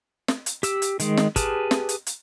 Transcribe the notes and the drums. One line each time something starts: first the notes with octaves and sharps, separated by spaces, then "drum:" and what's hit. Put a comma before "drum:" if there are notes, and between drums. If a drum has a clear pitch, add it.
drum: snare
drum: hi-hat
G4 E6, drum: hi-hat
drum: hi-hat
D#3 G#3, drum: hi-hat
drum: snare
G4 G#4 B4 A5 F6, drum: kick, hi-hat
drum: snare
drum: hi-hat
drum: hi-hat